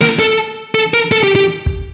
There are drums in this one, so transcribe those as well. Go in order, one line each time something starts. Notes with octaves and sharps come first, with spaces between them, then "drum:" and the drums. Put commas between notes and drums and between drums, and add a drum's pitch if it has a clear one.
A#4, drum: snare
A4, drum: hi-hat
A4
A#4
A4
G4
G4
drum: kick